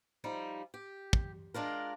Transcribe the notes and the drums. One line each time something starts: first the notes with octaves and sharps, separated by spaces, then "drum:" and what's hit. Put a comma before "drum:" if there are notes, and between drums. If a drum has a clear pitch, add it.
F3 G3 D#4
G4
drum: kick
G#3 D4 F4 A#4